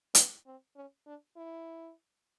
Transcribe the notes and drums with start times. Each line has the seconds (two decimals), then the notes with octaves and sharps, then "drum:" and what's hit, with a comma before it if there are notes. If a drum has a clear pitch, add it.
0.15 B3, drum: hi-hat
0.46 C4
0.76 C#4
1.06 D4
1.36 E4